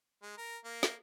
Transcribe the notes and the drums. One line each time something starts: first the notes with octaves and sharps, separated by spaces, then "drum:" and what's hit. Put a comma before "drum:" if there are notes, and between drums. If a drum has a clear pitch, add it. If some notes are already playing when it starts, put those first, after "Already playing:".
G#3
A#4
A#3
drum: snare